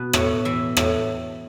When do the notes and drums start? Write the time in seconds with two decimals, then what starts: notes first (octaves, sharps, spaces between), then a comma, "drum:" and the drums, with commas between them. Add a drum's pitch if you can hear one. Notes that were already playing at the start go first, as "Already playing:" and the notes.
Already playing: B2 B4
0.13 A2 C#5, drum: rim click
0.45 E3 E5
0.77 A2, drum: rim click